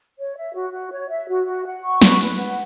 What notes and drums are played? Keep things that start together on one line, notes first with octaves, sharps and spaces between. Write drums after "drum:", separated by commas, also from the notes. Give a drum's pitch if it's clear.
C#5
E5
F#4
F#4
C#5
E5
F#4
F#4
F#5
C#6
B4, drum: snare
B4, drum: open hi-hat
F#5